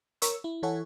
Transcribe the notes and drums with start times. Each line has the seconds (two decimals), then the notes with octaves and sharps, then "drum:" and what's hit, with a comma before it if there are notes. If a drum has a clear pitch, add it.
0.22 A#4 C#5 C#6 E6, drum: hi-hat
0.44 E4
0.63 E3 E4 A4 C#5 F#5 G#5